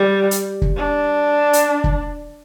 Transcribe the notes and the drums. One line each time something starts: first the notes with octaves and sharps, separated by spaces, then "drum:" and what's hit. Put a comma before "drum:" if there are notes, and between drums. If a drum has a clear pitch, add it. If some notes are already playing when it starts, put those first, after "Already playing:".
Already playing: G3
drum: hi-hat
drum: kick
D4
drum: hi-hat
drum: kick